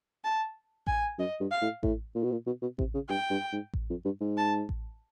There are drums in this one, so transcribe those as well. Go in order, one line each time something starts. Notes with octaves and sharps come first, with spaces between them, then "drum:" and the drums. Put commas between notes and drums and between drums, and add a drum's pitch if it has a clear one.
A5
G#5, drum: kick A1
F#2 D#5
G2
F5
A2
A2, drum: kick A1
A#2
B2
A#2
B2
B2
C3, drum: kick A1
C#3
G2 G5
G2
G#2
drum: kick A1
F2
G2
G#2
A5
drum: kick A1